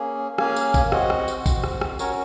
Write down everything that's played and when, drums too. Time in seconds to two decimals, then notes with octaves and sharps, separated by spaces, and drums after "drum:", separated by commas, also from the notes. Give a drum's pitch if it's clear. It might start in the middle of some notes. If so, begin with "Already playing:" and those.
Already playing: A#3 C#4 G#4
0.38 A#3 C#4 G#4 F5 G#5, drum: rim click
0.56 drum: tambourine
0.74 drum: kick A1, tambourine
0.92 C4 F#4 D#5 F#5, drum: rim click
1.10 drum: rim click
1.28 drum: tambourine
1.46 C4 F#4, drum: kick A1, tambourine
1.64 drum: rim click
1.81 drum: rim click
1.99 C#4 F#4 A#4 C#5, drum: tambourine